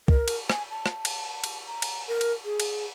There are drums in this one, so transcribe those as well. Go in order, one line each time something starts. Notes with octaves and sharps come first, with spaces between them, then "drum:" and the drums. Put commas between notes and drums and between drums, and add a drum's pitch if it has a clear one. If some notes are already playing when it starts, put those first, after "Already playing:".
A#4, drum: kick
drum: cymbal
G#5, drum: rim click
A5
drum: rim click
drum: cymbal
drum: cymbal
A#5
drum: cymbal
A#4
drum: cymbal
G#4
drum: cymbal